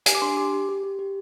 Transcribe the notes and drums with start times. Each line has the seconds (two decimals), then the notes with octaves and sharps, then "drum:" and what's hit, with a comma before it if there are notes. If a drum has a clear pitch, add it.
0.06 G4 G#5, drum: hi-hat
0.15 D6
0.22 D4 C6
0.37 G4 D6
0.53 G4
0.69 G4
0.83 G4
0.99 G4